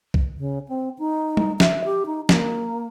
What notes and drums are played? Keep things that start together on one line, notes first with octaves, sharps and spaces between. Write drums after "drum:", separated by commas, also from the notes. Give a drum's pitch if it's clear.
drum: kick
C#3
C4
D#4
drum: tom G3
E5, drum: snare
G4
D#4
A#3, drum: snare